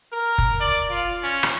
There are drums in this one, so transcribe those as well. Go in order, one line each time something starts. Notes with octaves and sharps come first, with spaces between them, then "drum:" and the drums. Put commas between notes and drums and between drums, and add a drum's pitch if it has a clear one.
A#4
drum: kick F1
D5
F4
C#4
drum: rim click